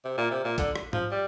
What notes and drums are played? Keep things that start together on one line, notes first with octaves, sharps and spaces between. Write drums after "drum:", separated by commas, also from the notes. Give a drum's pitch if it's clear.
C3
A#2
C3
A#2
D3, drum: kick A#1, hi-hat
drum: rim click
F3, drum: tom G#2
G3